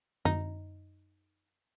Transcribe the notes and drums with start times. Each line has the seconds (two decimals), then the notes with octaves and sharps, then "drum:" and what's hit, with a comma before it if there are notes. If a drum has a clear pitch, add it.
0.25 D#4, drum: tom F#2